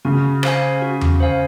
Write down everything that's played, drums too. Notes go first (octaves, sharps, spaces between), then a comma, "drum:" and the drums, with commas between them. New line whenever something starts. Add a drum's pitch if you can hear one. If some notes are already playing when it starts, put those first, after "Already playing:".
C#3 F#4
C5 F5 G#5, drum: rim click
F#4
drum: tom E2
C5 F5 G#5